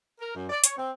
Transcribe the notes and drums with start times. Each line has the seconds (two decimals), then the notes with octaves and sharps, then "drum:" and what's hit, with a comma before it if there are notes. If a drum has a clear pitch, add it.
0.19 A#4
0.34 F#2
0.50 D5
0.64 C#5, drum: hi-hat
0.77 C4